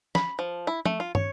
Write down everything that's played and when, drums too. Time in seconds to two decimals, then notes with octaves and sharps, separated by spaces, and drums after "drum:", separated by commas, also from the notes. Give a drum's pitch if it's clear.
0.15 B5, drum: snare
0.39 F3
0.67 E4
0.85 A3, drum: tom F3
1.00 F4
1.15 C#5, drum: tom